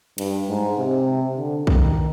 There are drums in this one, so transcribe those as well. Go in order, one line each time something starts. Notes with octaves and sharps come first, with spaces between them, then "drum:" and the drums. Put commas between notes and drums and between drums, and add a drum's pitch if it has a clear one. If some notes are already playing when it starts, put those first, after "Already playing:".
G2, drum: cymbal
G#2
C3
D3
D#3, drum: kick B1